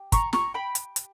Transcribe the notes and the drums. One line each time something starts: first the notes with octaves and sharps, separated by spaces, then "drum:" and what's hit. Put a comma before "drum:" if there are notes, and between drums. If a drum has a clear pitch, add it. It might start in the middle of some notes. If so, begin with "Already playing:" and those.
Already playing: G4
A#5 C#6, drum: kick, hi-hat
A#5 C#6, drum: snare
G5 B5
drum: hi-hat
drum: hi-hat